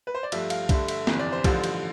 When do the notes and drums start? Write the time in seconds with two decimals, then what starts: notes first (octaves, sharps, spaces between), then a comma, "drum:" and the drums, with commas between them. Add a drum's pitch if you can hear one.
0.07 B4
0.14 C5
0.23 D5
0.32 G2 F3 A3 E5, drum: cymbal
0.50 F5, drum: cymbal
0.69 G2 D3 A3 E5, drum: kick B1, cymbal
0.88 E5, drum: cymbal
1.07 G1 F2 C3 E3, drum: snare
1.19 D5
1.32 C5
1.44 A1 G2 D3 F3, drum: kick B1, cymbal
1.64 drum: cymbal